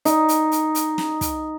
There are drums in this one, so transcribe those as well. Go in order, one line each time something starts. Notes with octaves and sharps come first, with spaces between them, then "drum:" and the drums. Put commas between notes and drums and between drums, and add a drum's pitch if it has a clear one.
D#4, drum: hi-hat
drum: hi-hat
drum: hi-hat
drum: hi-hat
drum: snare
drum: kick, hi-hat